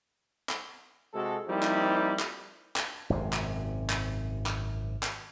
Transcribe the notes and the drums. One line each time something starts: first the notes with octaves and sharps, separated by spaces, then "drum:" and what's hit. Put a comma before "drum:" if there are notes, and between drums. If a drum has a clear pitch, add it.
drum: clap
C3 G#3 F#4 A4
F3 G3 A#3 C4 D#4 E4
drum: clap
drum: clap
drum: clap
G#1 F#2 C3
drum: clap
drum: clap
drum: clap
drum: clap